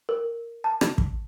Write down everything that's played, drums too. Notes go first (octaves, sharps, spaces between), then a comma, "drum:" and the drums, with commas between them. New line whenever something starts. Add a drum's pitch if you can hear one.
A#4
A5
drum: rim click
drum: kick